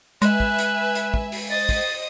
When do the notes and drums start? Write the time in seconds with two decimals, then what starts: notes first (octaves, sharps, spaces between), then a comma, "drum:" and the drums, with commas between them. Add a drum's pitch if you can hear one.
0.22 G#3 B4 E5 G#5 F#6, drum: hi-hat
0.40 drum: kick
0.58 drum: hi-hat
0.95 drum: hi-hat
1.14 drum: kick
1.32 drum: open hi-hat
1.50 C5 D#5 D#6 A6
1.69 drum: kick, open hi-hat